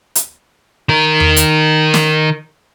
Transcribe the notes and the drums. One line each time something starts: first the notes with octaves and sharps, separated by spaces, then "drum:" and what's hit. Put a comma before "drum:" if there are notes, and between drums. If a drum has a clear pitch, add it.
drum: hi-hat
D#3 A#4
drum: tom E2
drum: hi-hat
drum: snare